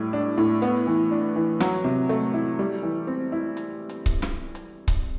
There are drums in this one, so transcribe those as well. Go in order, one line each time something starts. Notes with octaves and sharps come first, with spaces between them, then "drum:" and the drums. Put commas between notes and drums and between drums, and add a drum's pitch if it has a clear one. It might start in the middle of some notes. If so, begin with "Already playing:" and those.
Already playing: A2 G3
D4
A2
B3, drum: hi-hat
E3
D4
E3
F#3, drum: snare
C3
A3
E4
G3
E3
C4
E4
drum: hi-hat
drum: hi-hat
drum: kick C#1
drum: snare
drum: hi-hat
drum: kick C#1, hi-hat